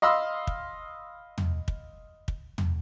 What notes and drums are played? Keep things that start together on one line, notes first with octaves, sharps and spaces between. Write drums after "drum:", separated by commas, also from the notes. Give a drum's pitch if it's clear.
D#5 F5 B5 C6 E6
drum: kick
drum: tom
drum: kick
drum: kick
drum: tom